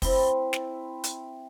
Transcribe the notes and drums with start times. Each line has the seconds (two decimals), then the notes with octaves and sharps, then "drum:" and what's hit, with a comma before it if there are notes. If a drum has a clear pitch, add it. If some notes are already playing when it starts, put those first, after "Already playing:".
0.02 C4 E4, drum: kick, open hi-hat
0.53 drum: snare
1.04 drum: hi-hat